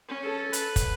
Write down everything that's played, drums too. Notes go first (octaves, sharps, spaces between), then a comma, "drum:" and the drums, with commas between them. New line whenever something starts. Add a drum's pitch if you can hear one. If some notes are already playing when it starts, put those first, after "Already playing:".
C#4
A4
B4, drum: hi-hat
drum: kick, hi-hat